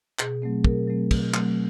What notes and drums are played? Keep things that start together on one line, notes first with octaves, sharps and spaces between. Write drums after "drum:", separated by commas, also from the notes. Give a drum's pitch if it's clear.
B2 G#4, drum: clap
F#3 A3 C4
B2 G#4 A#4, drum: kick
F#3 A3 C4
B2, drum: kick, cymbal
F#3 A3 C4, drum: clap